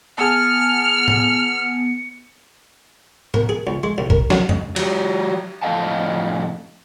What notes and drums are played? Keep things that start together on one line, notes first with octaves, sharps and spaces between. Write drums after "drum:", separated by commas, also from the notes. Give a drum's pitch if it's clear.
B3 G#4 A5 F6 C#7
drum: tom A2
A#4, drum: tom A2
G#4
C#2
G#3
C2
A#4, drum: kick
F#3, drum: snare
D#5, drum: tom F2
F#3 G4, drum: cymbal
F2 A2 C4 D#5 F5 A5